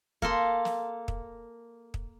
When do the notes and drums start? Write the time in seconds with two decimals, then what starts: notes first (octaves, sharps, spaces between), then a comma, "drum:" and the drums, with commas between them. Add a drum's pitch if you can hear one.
0.22 A#3 A4 C6, drum: kick
0.65 drum: snare
1.08 drum: kick
1.94 drum: kick